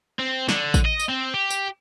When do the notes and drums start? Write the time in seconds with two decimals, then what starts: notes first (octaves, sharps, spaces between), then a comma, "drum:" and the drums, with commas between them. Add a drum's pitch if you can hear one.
0.19 C4
0.49 D3, drum: snare
0.74 drum: kick A1, tambourine
0.85 D#5
1.00 drum: tambourine
1.09 C4
1.34 G4
1.50 drum: tambourine